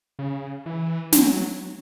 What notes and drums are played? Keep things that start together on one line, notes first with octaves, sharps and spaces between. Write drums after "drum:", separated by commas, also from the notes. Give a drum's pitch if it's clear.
C#3
E3
F#3, drum: snare